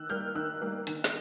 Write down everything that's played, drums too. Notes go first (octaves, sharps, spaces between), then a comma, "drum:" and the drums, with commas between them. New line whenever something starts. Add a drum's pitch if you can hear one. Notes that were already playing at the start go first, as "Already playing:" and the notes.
Already playing: D#3 E6 F#6
G3 A#3 F6 G6
D#3 E6 F#6
G3 A#3
D#3, drum: hi-hat
drum: snare